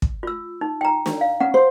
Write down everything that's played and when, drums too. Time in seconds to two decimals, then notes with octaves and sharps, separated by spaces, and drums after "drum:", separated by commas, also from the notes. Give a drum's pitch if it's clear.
0.02 drum: kick
0.23 F4 E6
0.61 D#4
0.81 G5 A#5
1.06 drum: snare
1.21 F5
1.40 C#4 F#5
1.54 C5